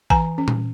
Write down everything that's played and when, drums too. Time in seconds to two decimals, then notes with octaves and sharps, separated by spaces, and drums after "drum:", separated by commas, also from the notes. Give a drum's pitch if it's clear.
0.10 E3 G#5 A#5, drum: kick A1
0.38 C#4
0.48 drum: tom A#2